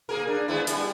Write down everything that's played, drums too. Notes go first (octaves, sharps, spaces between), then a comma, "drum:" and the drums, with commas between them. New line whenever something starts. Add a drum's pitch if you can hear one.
A#3 G#4 A#4
D4
G#3 B3 E4
G3, drum: hi-hat